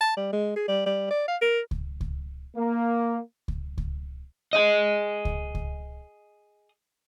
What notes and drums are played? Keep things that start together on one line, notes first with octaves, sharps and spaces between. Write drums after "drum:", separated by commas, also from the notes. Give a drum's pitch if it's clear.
A5
G3
G#3
G#4
G3
G3
D5
F5
A#4
drum: kick C#2
drum: kick C#2
A#3
drum: kick C#2
drum: kick C#2
G#4 D#5
drum: kick C#2
drum: kick C#2